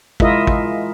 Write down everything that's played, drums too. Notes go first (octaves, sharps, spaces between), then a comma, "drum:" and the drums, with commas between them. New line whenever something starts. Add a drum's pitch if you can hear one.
G#3 E4 F4 A#4 D#5 E5, drum: kick
drum: kick